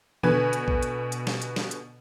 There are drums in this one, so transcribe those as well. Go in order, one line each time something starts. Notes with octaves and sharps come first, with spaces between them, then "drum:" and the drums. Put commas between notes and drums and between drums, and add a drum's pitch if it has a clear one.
B2 D3 B4 G#5, drum: tom D#3
drum: hi-hat
drum: kick
drum: hi-hat
drum: hi-hat
drum: snare
drum: hi-hat
drum: snare
drum: hi-hat